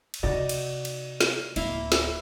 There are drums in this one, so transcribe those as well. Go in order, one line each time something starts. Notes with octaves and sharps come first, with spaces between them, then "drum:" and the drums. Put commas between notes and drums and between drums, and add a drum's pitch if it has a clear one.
drum: cymbal
C3 D#4 F#4 D5
drum: cymbal
drum: cymbal
drum: snare
D1 A#3 E4 C6, drum: cymbal
drum: snare